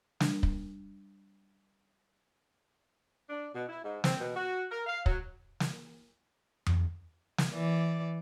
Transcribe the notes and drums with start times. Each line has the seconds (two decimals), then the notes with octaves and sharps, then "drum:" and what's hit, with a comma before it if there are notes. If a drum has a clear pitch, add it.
0.20 G3 D4, drum: snare
0.43 drum: kick
3.29 D4
3.54 B2
3.69 E4
3.84 G#2
4.04 C4, drum: snare
4.19 B2
4.36 F#4
4.71 A#4
4.87 F5
5.06 F#3, drum: kick
5.60 drum: snare
6.66 drum: tom F2
7.38 drum: snare
7.52 E3 D5